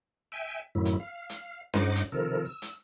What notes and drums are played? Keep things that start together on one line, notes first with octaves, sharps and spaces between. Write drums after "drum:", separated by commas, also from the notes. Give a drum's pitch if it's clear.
E5 G5 G#5
F#2 A2 D#3 F#3 E4
drum: hi-hat
F5
drum: hi-hat
G2 D#4 C5 D#5 F#5 D6, drum: snare C#4
drum: hi-hat
C3 D#3 F3 A4 A#4
E6
drum: hi-hat